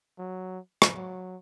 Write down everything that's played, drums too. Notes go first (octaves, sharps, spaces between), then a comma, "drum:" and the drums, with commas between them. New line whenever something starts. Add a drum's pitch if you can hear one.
F#3
drum: rim click
F#3